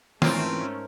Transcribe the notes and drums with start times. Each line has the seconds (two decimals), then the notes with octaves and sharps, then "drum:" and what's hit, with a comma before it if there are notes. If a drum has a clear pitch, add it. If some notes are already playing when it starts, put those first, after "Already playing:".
0.22 G#2 E3 A3 C4 C#4 F4 A#4 C5, drum: snare